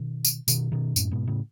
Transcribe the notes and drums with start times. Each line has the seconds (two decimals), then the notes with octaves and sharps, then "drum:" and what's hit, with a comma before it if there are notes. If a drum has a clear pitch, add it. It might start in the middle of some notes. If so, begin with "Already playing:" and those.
Already playing: B2 D#3
0.25 drum: tambourine
0.48 B2 D#3, drum: tambourine
0.72 B2 D#3
0.96 F#2 A2, drum: tambourine
1.11 G#2 B2
1.27 A2 C#3